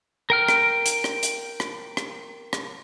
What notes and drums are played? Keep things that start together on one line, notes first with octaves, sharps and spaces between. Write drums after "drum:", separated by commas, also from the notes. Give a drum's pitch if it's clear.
A#4 G5 F6
drum: rim click
drum: hi-hat
drum: rim click
drum: hi-hat
drum: rim click
drum: rim click
drum: rim click